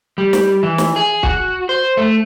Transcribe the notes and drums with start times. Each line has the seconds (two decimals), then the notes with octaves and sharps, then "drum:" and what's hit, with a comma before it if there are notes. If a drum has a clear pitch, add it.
0.18 G3
0.33 drum: snare
0.63 E3
0.78 drum: snare
0.96 G#4
1.23 F#4, drum: kick
1.69 C5
1.97 A3